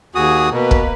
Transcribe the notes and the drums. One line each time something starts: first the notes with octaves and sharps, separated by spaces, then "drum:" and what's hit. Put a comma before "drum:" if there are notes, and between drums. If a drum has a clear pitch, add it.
D#2 F#4 G#4 D#6
B2 A#3 B4
drum: kick